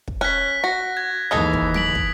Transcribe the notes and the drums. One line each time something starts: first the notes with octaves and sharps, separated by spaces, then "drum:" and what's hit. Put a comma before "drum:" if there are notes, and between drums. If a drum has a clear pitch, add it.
drum: kick
C#4 F#6 B6
F#4 A#6
G#6
D#2 E3 G#3 G#4 A4 D#6
drum: kick
B6 D7 F#7, drum: tom
drum: kick